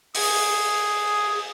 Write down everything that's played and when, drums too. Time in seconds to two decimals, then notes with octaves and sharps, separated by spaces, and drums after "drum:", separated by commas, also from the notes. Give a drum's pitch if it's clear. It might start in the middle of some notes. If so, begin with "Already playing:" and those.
0.15 G#4, drum: open hi-hat